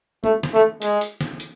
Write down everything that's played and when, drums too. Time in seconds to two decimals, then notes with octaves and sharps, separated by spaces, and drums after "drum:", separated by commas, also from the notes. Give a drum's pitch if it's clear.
0.24 A3, drum: tom
0.43 drum: snare
0.53 A3
0.82 G#3, drum: hi-hat
1.01 drum: hi-hat
1.21 drum: snare
1.40 drum: hi-hat